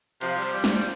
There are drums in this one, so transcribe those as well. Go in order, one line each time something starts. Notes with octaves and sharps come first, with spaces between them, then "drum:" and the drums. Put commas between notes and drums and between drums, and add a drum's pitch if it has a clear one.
C3 F3, drum: cymbal
G3
F3, drum: cymbal
G3
F3 G3, drum: snare